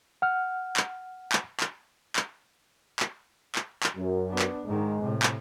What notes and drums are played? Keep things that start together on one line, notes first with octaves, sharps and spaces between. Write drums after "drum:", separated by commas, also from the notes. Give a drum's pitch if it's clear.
F#5 F6
drum: clap
drum: clap
drum: clap
drum: clap
drum: clap
drum: clap
drum: clap
F#2
B3 D4
drum: clap
G#2 D#3 G#3
A2 C3
drum: clap